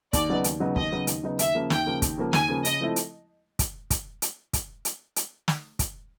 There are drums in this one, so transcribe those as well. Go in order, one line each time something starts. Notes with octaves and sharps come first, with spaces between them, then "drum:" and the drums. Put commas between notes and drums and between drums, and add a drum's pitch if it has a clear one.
D#2 D5, drum: kick, hi-hat
C#3 F#3 B3 D#4
D#2, drum: hi-hat
C#3 F#3 B3 D#4
D#2 D#5, drum: kick
C#3 F#3 B3 D#4
D#2, drum: hi-hat
C#3 F#3 B3 D#4
D#2 E5, drum: hi-hat
C#3 F3 A#3
D#2 G5, drum: snare
C#3 F3 A#3
D#2, drum: kick, hi-hat
C#3 F3 A#3
D#2 G#5, drum: snare
C#3 F3 A#3
C#3 D#5, drum: hi-hat
F3 A3 C4 E4
drum: hi-hat
drum: kick, hi-hat
drum: kick, hi-hat
drum: hi-hat
drum: kick, hi-hat
drum: hi-hat
drum: hi-hat
drum: snare
drum: kick, hi-hat